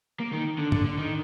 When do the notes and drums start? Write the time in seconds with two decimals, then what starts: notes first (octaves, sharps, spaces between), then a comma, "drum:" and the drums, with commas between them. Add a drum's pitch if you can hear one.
0.20 A#3
0.33 D#3
0.58 D3
0.72 D3, drum: tom
0.85 D3
0.98 D#3